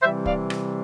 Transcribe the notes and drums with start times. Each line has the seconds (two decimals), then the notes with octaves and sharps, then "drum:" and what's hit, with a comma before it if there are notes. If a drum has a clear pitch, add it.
0.01 C3 E3 G3 C5 E5
0.26 D5 F5, drum: kick
0.50 drum: rim click